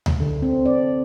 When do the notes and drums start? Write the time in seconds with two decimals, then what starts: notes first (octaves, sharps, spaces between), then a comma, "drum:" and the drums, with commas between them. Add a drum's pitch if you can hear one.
0.06 drum: tom D2
0.20 D3
0.42 C4
0.66 D5